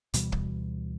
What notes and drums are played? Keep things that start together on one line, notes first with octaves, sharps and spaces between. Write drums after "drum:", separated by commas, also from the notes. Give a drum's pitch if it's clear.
D2 B2 E3 G3, drum: hi-hat
drum: kick